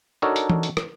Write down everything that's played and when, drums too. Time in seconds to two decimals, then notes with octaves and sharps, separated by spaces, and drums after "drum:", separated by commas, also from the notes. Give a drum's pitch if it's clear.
0.22 D4 D#4 F#4 A4 A#4 C#5
0.36 drum: hi-hat
0.50 drum: tom E3
0.63 drum: hi-hat
0.77 drum: rim click